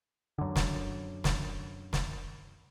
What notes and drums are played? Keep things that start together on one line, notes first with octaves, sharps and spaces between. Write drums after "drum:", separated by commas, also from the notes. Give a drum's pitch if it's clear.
F#2 D3
drum: snare
drum: snare
drum: snare